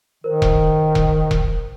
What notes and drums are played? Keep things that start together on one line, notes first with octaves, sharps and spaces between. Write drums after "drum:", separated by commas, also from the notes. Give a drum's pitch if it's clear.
D#3 A#4 C5
drum: kick E1
drum: kick E1
drum: kick E1